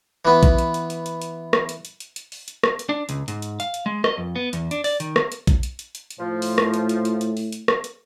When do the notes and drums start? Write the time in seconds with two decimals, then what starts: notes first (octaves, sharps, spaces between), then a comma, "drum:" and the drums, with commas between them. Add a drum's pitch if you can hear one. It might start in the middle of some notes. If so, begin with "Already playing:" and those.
0.25 E3 B3
0.43 drum: kick A#1, hi-hat
0.58 drum: hi-hat
0.74 drum: hi-hat
0.90 drum: hi-hat
1.06 drum: hi-hat
1.22 drum: hi-hat
1.53 drum: rim click
1.69 drum: hi-hat
1.85 drum: hi-hat
2.00 drum: hi-hat
2.16 drum: hi-hat
2.32 drum: open hi-hat
2.48 drum: hi-hat
2.64 drum: rim click
2.79 drum: hi-hat
2.89 D4
3.09 C#2, drum: hi-hat
3.28 G#2, drum: hi-hat
3.42 drum: hi-hat
3.60 F5, drum: hi-hat
3.74 drum: hi-hat
3.86 G#3
4.04 D#5, drum: rim click
4.18 F2
4.36 B3
4.53 E2, drum: hi-hat
4.71 D4, drum: hi-hat
4.84 D5, drum: open hi-hat
5.00 D#3, drum: hi-hat
5.16 drum: rim click
5.32 drum: hi-hat
5.47 drum: kick A#1, hi-hat
5.63 drum: hi-hat
5.79 drum: hi-hat
5.95 drum: hi-hat
6.11 drum: hi-hat
6.20 A2 F3
6.42 drum: open hi-hat
6.58 drum: rim click
6.74 drum: hi-hat
6.89 drum: hi-hat
7.05 drum: hi-hat
7.21 drum: hi-hat
7.37 drum: open hi-hat
7.52 drum: hi-hat
7.68 drum: rim click
7.84 drum: hi-hat